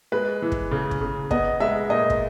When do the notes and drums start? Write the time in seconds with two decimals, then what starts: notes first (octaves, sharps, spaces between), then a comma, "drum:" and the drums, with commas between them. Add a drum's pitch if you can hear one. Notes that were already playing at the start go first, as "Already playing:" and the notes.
0.12 G#3 B4
0.42 E3
0.52 drum: kick
0.71 C#3
0.91 drum: kick
1.01 C#3
1.31 B3 D#5, drum: kick
1.60 G#3 E5
1.90 A#2 D#5
2.10 drum: kick